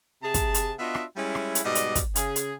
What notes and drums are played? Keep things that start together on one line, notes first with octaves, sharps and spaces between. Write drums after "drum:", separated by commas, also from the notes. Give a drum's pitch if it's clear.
C3 G#4 A5
drum: kick, hi-hat
drum: hi-hat
B3 D4 F4 F#4 D#5 E5
drum: rim click
G3 G#3 C#4 E4
drum: rim click
drum: hi-hat
G#2 B2 G3 D5 D#5
drum: hi-hat
drum: kick, hi-hat
C#3 G#4, drum: hi-hat
drum: hi-hat